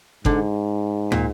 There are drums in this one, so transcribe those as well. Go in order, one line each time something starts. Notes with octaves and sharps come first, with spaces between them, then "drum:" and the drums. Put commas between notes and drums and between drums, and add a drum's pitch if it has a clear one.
G#2 D3, drum: kick F#1
A#2, drum: tom